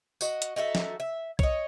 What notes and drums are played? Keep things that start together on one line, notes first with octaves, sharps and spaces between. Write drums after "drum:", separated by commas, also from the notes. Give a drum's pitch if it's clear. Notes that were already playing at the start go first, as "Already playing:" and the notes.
F#4 D#5, drum: tambourine
drum: hi-hat
D#4 F#4 A4 E5
drum: snare
E5
C#5 D#5, drum: kick B1